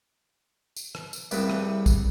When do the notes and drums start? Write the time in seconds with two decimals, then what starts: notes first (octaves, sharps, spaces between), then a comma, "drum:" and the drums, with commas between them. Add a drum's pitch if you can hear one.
0.76 drum: tambourine
0.95 drum: rim click
1.13 drum: tambourine
1.31 C2 A2 C#3 B4 D6, drum: tambourine
1.50 drum: rim click
1.86 drum: kick, tambourine